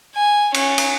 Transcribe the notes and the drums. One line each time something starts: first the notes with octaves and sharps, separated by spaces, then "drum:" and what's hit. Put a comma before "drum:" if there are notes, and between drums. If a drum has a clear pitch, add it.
G#5
C#4, drum: cymbal
drum: cymbal